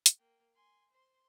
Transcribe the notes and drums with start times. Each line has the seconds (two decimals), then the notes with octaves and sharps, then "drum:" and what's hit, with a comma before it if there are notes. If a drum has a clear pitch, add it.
0.06 drum: hi-hat
0.18 A#3 G5
0.55 G#5 C6
0.90 C5 C6